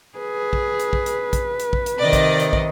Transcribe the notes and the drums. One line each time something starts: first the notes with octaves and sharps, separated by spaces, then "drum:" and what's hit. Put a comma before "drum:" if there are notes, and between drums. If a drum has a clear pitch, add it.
G#4 B4
drum: kick
drum: hi-hat
drum: kick
drum: hi-hat
drum: kick, hi-hat
drum: hi-hat
drum: kick
drum: hi-hat
C3 D#3 D5 D#5
drum: kick, hi-hat
drum: hi-hat
drum: kick